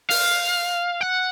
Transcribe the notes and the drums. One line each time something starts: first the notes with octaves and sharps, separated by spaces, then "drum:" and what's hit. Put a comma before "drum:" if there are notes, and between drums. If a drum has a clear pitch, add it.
F5, drum: open hi-hat
F#5